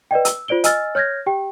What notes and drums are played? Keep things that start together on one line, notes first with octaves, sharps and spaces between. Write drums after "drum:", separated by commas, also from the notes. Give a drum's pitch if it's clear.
B4 D5 D#5 G5
E6, drum: hi-hat
F4 C5 D5 D7 G7
D#5 G#5 E6 F6 A6, drum: hi-hat
C#5 F6 G6 G#6 A#6
G4 G5